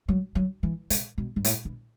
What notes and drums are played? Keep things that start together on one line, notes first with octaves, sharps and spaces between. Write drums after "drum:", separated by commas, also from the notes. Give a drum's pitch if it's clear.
F#3
F#3
E3
C3, drum: hi-hat
B2
G2
A2, drum: hi-hat
B2